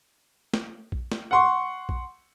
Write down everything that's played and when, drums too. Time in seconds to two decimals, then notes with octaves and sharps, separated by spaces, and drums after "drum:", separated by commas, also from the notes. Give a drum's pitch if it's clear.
0.54 drum: snare
0.92 drum: kick A#1
1.12 drum: snare
1.31 F#5 C6 C#6
1.89 drum: kick A#1